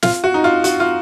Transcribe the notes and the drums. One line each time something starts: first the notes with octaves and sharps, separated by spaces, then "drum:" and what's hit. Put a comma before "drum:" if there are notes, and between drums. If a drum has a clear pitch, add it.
F4, drum: snare
F#4
D#4
F4
F#4, drum: hi-hat
F4